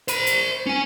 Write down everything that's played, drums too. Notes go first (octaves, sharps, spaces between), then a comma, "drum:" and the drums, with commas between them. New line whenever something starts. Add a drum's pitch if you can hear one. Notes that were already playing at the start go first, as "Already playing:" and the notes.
C5 B5, drum: hi-hat
drum: hi-hat
C#4 G#5